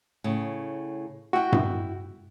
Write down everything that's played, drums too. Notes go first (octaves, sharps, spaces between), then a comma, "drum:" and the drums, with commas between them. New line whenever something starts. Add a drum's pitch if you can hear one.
A2 C#3
E4 F#4 G5
drum: tom G2